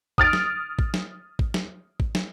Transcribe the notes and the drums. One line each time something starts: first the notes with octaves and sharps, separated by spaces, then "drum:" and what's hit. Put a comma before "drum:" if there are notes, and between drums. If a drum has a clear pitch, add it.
D#6 F6 A6 D7, drum: kick A1
drum: snare
drum: kick A1
drum: snare
drum: kick A1
drum: snare
drum: kick A1
drum: snare